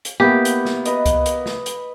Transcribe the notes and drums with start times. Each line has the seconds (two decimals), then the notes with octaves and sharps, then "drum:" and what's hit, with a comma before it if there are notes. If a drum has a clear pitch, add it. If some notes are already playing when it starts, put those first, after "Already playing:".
0.05 drum: hi-hat
0.20 A#3 B3 E4 G4 B5
0.45 drum: hi-hat
0.65 drum: snare
0.85 B4 D#5, drum: hi-hat
1.06 drum: kick C2, hi-hat
1.26 drum: hi-hat
1.46 drum: snare
1.66 drum: hi-hat